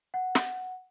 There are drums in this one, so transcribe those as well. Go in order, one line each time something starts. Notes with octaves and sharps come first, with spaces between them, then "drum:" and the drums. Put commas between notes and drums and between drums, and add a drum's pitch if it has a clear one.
F#5
drum: snare